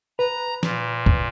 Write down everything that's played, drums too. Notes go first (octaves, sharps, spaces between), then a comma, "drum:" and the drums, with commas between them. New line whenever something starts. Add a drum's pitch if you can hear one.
B4 A#5
A#2, drum: snare
drum: kick